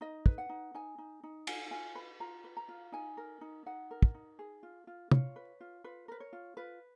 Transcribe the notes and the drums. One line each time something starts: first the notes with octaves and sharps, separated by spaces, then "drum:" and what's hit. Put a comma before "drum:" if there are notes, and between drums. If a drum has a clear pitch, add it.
D#4 D#5
B4, drum: kick
F#5
D#4
D#4 G#5
D#4
D#4
F4 G#5, drum: cymbal
F4 G#5
B4 B5
F4 A#5
B4
A#5
F4
D#4 G#5
A#4
D#4
D#4 F#5
A#4
drum: kick
D#4
G#4
F4
F4
F4 C#5, drum: tom
B4
F4
F4 B4
A#4 B4
C#5
F4
F4 B4